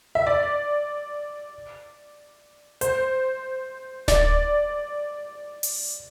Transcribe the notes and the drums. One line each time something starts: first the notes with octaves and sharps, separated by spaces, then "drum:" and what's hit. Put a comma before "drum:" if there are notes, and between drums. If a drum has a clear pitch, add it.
E5
D5
C5, drum: hi-hat
D5, drum: snare D1
drum: open hi-hat